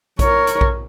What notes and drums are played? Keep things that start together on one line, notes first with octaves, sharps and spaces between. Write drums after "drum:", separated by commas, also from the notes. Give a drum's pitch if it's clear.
A#4 C#5, drum: kick A#1, hi-hat
drum: hi-hat
drum: kick A#1